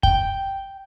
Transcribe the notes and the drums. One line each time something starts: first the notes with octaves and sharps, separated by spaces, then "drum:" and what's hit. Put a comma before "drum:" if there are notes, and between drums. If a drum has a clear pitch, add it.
G5, drum: kick